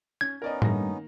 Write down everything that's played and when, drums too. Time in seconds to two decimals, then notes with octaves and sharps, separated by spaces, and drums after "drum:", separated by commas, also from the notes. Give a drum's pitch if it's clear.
0.21 C#4 G#6
0.42 B3 C#4 D#4 A#4 D5 D#5
0.62 G2 D#3 A3 A#3 A#6, drum: tom A2